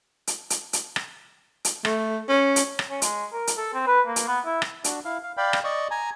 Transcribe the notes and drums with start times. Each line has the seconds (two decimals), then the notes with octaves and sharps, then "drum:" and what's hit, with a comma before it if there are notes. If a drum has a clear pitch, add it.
0.27 drum: hi-hat
0.50 drum: hi-hat
0.73 drum: hi-hat
0.96 drum: rim click
1.65 drum: hi-hat
1.85 A3, drum: rim click
2.29 C#4
2.56 drum: hi-hat
2.79 drum: rim click
2.90 C#4
3.02 G#3, drum: hi-hat
3.33 A#4
3.47 drum: hi-hat
3.57 A4
3.74 C4
3.87 B4
4.07 A#3
4.16 drum: hi-hat
4.28 B3
4.45 E4
4.62 drum: rim click
4.84 D4 F#4, drum: hi-hat
5.05 E4 F5
5.23 F5
5.37 D5 F5 G5 B5
5.53 drum: rim click
5.64 D5 D#5 C#6
5.91 G#5 A#5